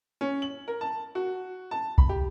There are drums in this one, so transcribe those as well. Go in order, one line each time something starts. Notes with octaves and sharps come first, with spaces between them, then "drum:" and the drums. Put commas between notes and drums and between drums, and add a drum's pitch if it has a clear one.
C#4
F#7
A#4
A5
F#4
A5
B5, drum: kick C2
G4